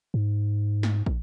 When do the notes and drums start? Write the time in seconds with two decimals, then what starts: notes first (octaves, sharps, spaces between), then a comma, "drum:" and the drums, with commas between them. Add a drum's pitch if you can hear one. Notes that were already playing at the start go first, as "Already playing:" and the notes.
0.14 G#2
0.83 drum: snare
1.06 drum: kick